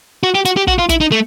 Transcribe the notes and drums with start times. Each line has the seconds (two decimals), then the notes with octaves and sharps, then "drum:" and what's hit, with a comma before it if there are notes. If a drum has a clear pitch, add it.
0.23 F#4
0.35 G4
0.45 F#4, drum: hi-hat
0.57 G4
0.68 F#4, drum: kick
0.78 F4
0.89 E4, drum: kick, hi-hat
1.00 D#4
1.12 A3